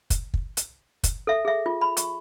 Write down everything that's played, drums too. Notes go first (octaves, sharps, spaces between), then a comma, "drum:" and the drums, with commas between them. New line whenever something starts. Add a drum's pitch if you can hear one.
drum: kick, hi-hat
drum: kick
drum: hi-hat
drum: kick, hi-hat
A4 E5
G#4 E5
F4
B5
C#6, drum: hi-hat